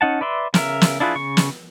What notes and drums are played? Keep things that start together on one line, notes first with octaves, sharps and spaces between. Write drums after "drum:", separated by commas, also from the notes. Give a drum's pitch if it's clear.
C#4 D#4 F#5 A5
B4 D5 E5 C6
C#3 A#4 E5, drum: snare
drum: snare
D4 E4 F4 G#4 B4
C#3 C#6
drum: snare